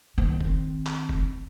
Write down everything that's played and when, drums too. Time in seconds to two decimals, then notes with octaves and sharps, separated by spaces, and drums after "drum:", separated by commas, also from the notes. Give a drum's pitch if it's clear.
0.18 D#3 C4
0.41 drum: kick
0.86 drum: clap
1.09 drum: kick